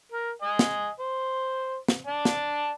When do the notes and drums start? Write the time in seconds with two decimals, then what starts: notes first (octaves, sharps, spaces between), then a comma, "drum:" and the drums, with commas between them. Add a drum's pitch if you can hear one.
0.12 A#4
0.42 D#5 G#5
0.59 drum: snare
1.00 C5
1.88 drum: snare
2.07 D5 A5
2.25 drum: snare